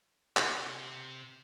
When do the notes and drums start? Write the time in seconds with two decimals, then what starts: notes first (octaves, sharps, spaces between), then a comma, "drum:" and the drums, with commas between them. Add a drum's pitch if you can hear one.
0.37 C3, drum: clap